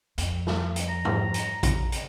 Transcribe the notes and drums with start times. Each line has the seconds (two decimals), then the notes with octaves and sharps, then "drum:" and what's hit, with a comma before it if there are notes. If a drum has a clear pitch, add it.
0.18 F2, drum: hi-hat
0.47 drum: snare
0.76 drum: hi-hat
0.89 A#5
1.05 drum: tom G#2
1.34 drum: hi-hat
1.63 drum: kick A1, hi-hat
1.92 drum: hi-hat